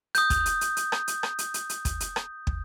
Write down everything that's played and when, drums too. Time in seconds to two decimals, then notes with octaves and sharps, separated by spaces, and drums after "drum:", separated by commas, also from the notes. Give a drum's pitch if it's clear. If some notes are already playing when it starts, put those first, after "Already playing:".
0.15 D#6 G6, drum: hi-hat
0.30 drum: kick, hi-hat
0.46 drum: hi-hat
0.61 drum: hi-hat
0.77 drum: hi-hat
0.92 drum: rim click
1.08 drum: hi-hat
1.23 drum: rim click
1.39 drum: hi-hat
1.54 drum: hi-hat
1.69 drum: hi-hat
1.85 drum: kick, hi-hat
2.00 drum: hi-hat
2.16 drum: rim click
2.47 drum: kick